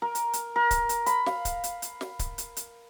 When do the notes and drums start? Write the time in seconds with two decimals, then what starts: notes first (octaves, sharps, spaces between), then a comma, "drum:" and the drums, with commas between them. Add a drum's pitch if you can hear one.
0.02 A#4
0.15 drum: hi-hat
0.33 drum: hi-hat
0.56 A#4
0.71 drum: kick C#1, hi-hat
0.89 drum: hi-hat
1.06 B5, drum: hi-hat
1.26 F5, drum: snare
1.45 drum: kick C#1, hi-hat
1.64 drum: hi-hat
1.82 drum: hi-hat
2.01 drum: snare
2.19 drum: kick C#1, hi-hat
2.38 drum: hi-hat
2.57 drum: hi-hat